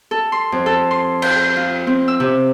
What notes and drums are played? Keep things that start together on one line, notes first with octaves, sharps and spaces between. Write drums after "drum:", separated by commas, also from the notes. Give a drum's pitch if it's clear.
A4
C6
F2
A4
C6
G5, drum: cymbal
F4
C4
E6
C3